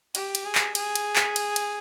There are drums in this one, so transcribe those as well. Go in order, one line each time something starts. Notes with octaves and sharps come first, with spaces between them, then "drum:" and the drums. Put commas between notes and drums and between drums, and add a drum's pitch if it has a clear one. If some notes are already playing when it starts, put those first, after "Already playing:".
G4, drum: cymbal
drum: cymbal
G#4
drum: clap
G#4, drum: cymbal
drum: cymbal
drum: clap
drum: cymbal
drum: cymbal